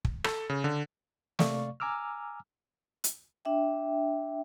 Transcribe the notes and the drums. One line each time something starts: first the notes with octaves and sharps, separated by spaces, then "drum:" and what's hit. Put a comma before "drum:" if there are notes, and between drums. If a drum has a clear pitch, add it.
drum: kick
A4, drum: rim click
C#3
D3
C3 A3 D5 F5 C#6, drum: snare
G#5 A#5 D6 E6 F6
drum: hi-hat
D4 E5 G5